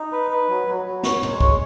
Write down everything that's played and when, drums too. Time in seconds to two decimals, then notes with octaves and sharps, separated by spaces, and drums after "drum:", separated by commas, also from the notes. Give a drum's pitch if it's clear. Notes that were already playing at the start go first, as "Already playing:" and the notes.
Already playing: D#4
0.12 B4
0.31 B4
0.49 F#3
0.67 F#3
0.85 F#3
1.03 C#5, drum: snare
1.23 G#3, drum: tom
1.40 C#5, drum: kick